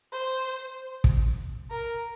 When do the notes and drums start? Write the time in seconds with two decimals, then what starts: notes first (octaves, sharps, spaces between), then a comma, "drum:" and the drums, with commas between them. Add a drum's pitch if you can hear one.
0.13 C5
1.04 drum: kick
1.70 A#4